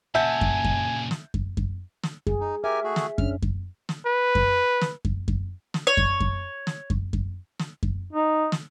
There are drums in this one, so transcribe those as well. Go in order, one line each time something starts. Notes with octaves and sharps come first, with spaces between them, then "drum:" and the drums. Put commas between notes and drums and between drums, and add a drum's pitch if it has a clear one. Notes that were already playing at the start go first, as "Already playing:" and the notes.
A#2 C#3 E5 F#5 G#5 A5 G6
drum: kick F#2
drum: kick F#2
drum: snare
drum: kick F#2
drum: kick F#2
drum: snare
G#4, drum: kick F#2
D#4
G4 A#4 E5 G#5
A3 F#4 G#4
drum: snare
C#4 D4 F6, drum: kick F#2
drum: kick F#2
drum: snare
B4
drum: kick F#2
drum: snare
drum: kick F#2
drum: kick F#2
drum: snare
C#5
drum: kick F#2
drum: kick F#2
drum: snare
drum: kick F#2
drum: kick F#2
drum: snare
drum: kick F#2
D#4
drum: snare